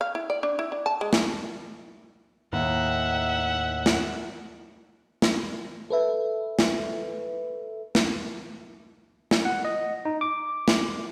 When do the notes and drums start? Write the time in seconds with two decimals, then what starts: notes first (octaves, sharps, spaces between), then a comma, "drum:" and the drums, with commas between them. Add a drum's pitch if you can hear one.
0.01 F5
0.15 E4
0.30 D5
0.43 D4
0.59 E4
0.72 D4
0.86 A5
1.01 G#3
1.13 C#4, drum: snare
2.53 D#2 A2 D#3 E5 F#5
3.86 drum: snare
5.22 drum: snare
5.90 A4 B4 E5
6.59 drum: snare
7.95 drum: snare
9.31 drum: snare
9.45 F#5
9.65 D#5
10.05 D#4
10.21 D6
10.68 drum: snare